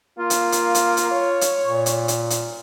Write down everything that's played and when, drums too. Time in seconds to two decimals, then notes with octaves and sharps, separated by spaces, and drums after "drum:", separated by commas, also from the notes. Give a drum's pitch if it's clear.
0.19 A#3 F4
0.30 drum: hi-hat
0.52 drum: hi-hat
0.75 drum: hi-hat
0.97 drum: hi-hat
1.11 C#5
1.41 drum: hi-hat
1.64 A#2
1.86 drum: hi-hat
2.08 drum: hi-hat
2.30 drum: hi-hat